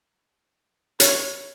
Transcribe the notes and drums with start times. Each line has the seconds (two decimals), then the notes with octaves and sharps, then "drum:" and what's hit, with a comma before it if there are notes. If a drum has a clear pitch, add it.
1.00 C#5, drum: hi-hat